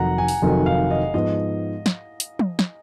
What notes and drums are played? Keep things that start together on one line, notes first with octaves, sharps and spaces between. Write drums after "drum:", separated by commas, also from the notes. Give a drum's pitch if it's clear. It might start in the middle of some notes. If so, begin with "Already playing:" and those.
Already playing: F1 F2 D#3 F#3 F#5 A#5
G#5
drum: open hi-hat
F1 F2 D#3 F#3
F5
D#5
G#2 F3 B3 D#5
drum: snare
drum: hi-hat
drum: tom
drum: snare